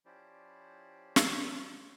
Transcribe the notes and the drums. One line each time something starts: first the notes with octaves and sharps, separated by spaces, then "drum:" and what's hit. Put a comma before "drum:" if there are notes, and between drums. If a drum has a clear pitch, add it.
F3 C#4 E4 G4 C5 D5
drum: snare